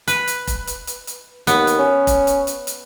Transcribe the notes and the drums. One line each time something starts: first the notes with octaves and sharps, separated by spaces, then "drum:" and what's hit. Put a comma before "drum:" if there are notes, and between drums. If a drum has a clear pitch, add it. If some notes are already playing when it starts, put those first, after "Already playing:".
B4, drum: hi-hat
drum: hi-hat
drum: kick F1, hi-hat
drum: hi-hat
drum: hi-hat
drum: hi-hat
D#2 B3, drum: hi-hat
drum: hi-hat
C#4
drum: kick F1, hi-hat
drum: hi-hat
drum: hi-hat
drum: hi-hat